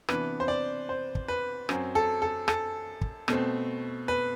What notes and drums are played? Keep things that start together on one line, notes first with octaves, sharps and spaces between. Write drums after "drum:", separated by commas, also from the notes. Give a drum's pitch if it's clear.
C3 E3 B3 D4 B4, drum: rim click
C5
D5
C5
drum: kick
B4
F#2 F#3 C4, drum: rim click
A4
A4
A4, drum: rim click
drum: kick
B2 A3 C4, drum: rim click
B4